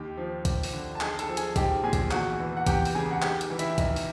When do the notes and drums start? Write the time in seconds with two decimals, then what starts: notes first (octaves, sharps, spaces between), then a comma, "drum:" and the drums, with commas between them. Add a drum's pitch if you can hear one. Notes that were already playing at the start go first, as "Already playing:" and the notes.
Already playing: D#2 G4 G5
0.17 F3
0.45 D#2, drum: kick, hi-hat
0.63 drum: open hi-hat
0.73 D3
0.95 A5
1.01 B1 G#4 G#5, drum: clap
1.19 A4 A5, drum: hi-hat
1.28 F3
1.37 G#4 G#5, drum: hi-hat
1.56 B1 G4 G5, drum: kick, hi-hat
1.83 A#2 G#4 G#5
1.93 drum: kick, hi-hat
2.11 E2 F#4 F#5, drum: clap
2.39 E3
2.56 F#5
2.67 E2 G4 G5, drum: kick, hi-hat
2.85 drum: open hi-hat
2.95 C#3 G#4 G#5
3.11 F#5
3.22 B1 G4 G5, drum: clap
3.41 drum: hi-hat
3.50 E3
3.59 E4 E5, drum: hi-hat
3.78 B1, drum: kick, hi-hat
3.96 drum: open hi-hat